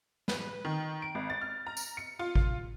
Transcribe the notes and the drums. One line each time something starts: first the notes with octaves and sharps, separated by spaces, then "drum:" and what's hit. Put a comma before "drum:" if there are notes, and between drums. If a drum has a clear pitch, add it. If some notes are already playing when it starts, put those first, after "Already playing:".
B4, drum: snare
D#3
D7
G#1
A6
F6
A#5
drum: tambourine
C#7
F4
drum: kick G#1